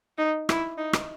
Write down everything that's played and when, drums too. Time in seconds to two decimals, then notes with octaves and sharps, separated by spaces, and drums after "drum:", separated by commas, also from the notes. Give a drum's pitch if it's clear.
0.18 D#4
0.49 E4, drum: rim click
0.78 D#4
0.93 drum: rim click